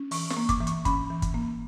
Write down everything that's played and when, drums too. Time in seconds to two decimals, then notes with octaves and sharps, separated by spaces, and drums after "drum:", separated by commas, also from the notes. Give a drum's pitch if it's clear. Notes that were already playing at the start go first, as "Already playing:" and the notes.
Already playing: C#4
0.11 E3 C#6, drum: open hi-hat
0.30 C#6, drum: snare
0.37 A#3
0.49 D6, drum: kick, hi-hat
0.60 E3
0.67 C#6, drum: hi-hat
0.85 C#4 B5, drum: kick, hi-hat
1.10 E3
1.22 drum: kick, hi-hat
1.34 A#3